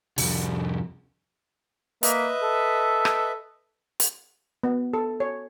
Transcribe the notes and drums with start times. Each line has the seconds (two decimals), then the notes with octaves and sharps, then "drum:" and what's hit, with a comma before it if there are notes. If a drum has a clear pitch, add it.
0.18 C2 F2, drum: open hi-hat
2.03 A#3 B4 D#5 E5, drum: hi-hat
2.43 A4
3.05 drum: rim click
4.00 drum: hi-hat
4.63 B3
4.94 A4
5.20 C#5